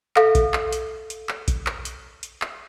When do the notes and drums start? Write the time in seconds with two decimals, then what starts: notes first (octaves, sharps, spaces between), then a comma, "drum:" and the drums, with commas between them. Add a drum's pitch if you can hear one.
0.16 A4 E5 F5, drum: clap
0.35 drum: kick A#1, hi-hat
0.54 drum: clap
0.73 drum: hi-hat
1.10 drum: hi-hat
1.29 drum: clap
1.48 drum: kick A#1, hi-hat
1.67 drum: clap
1.85 drum: hi-hat
2.23 drum: hi-hat
2.42 drum: clap